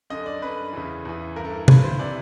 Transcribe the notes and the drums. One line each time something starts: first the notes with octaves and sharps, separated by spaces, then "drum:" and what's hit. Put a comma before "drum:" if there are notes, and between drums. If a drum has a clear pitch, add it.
F#2 D3 D#5
D5
F#2 D3 B4
E2 C#3 E3
E2 C#3 E3
G2 E3 A#4
A4
A#4
G2 E3 B4, drum: tom C3
C5
C3 E3 D5